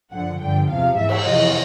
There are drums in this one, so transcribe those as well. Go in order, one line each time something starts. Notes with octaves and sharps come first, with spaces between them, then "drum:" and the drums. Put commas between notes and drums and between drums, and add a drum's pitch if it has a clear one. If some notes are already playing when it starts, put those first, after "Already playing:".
F#2 D3 F3 F#5
G2 D3 F3 G5
E2 C3 F3 F5
G#2 E3 E5
drum: cymbal
F2 C3 E3 D#5